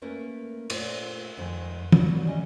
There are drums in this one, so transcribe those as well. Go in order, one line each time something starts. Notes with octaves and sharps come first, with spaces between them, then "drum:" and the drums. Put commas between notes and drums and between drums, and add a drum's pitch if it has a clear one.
A3 A#3 C#4 A#4 B4
A#2 A3 F4 A4 C5, drum: cymbal
F2 D#3 G#3
F#3 D5, drum: tom
G3 C#4 D#5